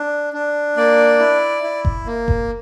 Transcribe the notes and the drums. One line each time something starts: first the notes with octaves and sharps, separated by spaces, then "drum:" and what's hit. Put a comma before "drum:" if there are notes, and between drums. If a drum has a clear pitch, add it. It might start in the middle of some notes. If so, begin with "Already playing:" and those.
Already playing: D4
D4
A#3 D5
E4
E4
drum: kick F#1
A#3
drum: kick F#1